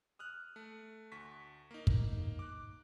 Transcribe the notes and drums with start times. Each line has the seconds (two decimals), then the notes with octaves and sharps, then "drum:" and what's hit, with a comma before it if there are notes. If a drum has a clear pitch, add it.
0.19 D#6 F6 F#6
0.56 A3
1.12 D2 C#6 B6
1.71 A#3 D#4
1.87 drum: kick
2.39 D6 F#6